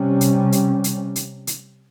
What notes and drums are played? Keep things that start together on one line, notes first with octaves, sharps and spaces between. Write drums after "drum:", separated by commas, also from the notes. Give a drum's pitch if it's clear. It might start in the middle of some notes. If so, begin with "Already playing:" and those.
Already playing: C3 G3 C#4
drum: hi-hat
drum: hi-hat
drum: hi-hat
drum: hi-hat
drum: hi-hat